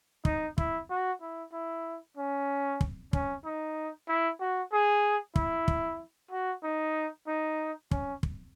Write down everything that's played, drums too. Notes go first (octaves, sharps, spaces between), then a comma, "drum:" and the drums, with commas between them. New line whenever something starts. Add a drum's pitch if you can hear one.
D#4, drum: kick
E4, drum: kick
F#4
E4
E4
C#4
drum: kick
C#4, drum: kick
D#4
E4
F#4
G#4
E4, drum: kick
drum: kick
F#4
D#4
D#4
C#4, drum: kick
drum: kick